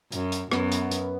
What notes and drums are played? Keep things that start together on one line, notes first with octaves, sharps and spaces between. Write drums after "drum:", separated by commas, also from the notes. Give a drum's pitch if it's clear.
F#2, drum: hi-hat
drum: hi-hat
F#2 B3, drum: rim click
drum: hi-hat
drum: hi-hat